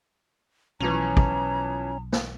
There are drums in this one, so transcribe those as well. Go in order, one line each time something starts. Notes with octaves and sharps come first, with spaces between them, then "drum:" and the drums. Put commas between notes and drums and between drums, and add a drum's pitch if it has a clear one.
B1 E3 F3 C#4 A#5 F7
drum: kick
drum: snare